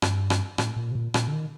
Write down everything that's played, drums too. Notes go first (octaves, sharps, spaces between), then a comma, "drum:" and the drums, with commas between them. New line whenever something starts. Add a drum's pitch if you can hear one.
G2, drum: rim click
drum: rim click
A2, drum: rim click
A#2
C3
A#2
A#2, drum: rim click
D3
D#3